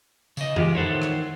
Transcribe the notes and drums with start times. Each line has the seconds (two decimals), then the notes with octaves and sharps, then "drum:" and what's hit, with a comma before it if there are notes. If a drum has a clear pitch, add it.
0.37 C#3 D#5, drum: tambourine
0.56 E3 G#3 F4 G4, drum: tom F2
0.75 D#3 E4 A4 C5 C#5 F#5
1.02 drum: rim click